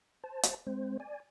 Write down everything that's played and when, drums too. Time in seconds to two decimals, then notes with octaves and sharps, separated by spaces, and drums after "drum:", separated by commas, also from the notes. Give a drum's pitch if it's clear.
0.24 C5 A5
0.43 drum: hi-hat
0.67 G#3 C4 C5
1.00 D5 G#5